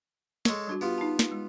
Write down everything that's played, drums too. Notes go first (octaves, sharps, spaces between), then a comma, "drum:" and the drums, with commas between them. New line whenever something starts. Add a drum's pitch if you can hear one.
G#3 A4 C#5, drum: snare
G3 D4 F#4
B3 F4 G4
D#4 A5
drum: snare
G#3